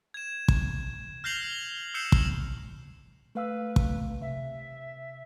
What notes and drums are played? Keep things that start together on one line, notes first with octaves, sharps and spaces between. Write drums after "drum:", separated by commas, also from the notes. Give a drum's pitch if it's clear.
G#6 E7
drum: kick
F6 G6 A#6 C7 F7 F#7
E6 G6 C7 C#7 E7 F#7
drum: kick
A3 B4 F5 E6
drum: kick
C3 E5